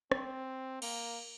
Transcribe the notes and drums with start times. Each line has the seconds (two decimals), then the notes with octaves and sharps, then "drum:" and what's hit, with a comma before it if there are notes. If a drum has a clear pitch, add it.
0.12 C4, drum: rim click
0.82 A#3, drum: cymbal